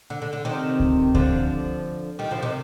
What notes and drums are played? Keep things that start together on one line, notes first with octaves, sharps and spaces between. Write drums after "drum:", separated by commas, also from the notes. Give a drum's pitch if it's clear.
D3
D3
D3
C3 D#3
drum: kick C#2
D3 F3, drum: kick C#2
D#3 G3
D3 F3
C3 D#3